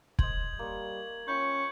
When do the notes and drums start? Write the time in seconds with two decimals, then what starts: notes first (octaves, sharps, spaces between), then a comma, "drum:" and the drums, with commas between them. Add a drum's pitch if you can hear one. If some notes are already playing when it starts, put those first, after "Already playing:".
0.19 C5 D#5 G#6 F#7, drum: kick
0.59 G3 A#3 C#5
1.28 C#4 F4 G5 B5 C#6 G6